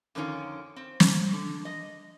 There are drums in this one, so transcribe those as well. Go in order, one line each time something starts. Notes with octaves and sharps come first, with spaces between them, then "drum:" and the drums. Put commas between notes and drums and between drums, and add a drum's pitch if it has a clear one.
F2 D3 D#3 C#4 F4
C4
drum: snare
D3
D#5